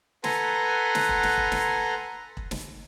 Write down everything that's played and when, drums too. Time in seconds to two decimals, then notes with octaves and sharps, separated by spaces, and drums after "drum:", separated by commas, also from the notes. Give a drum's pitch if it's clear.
0.24 A4 B4 F#5 G#5 A#5 C6, drum: snare
0.95 drum: snare
1.09 drum: kick E1
1.23 drum: snare
1.37 drum: kick E1
1.52 drum: snare
2.37 drum: kick E1
2.51 drum: snare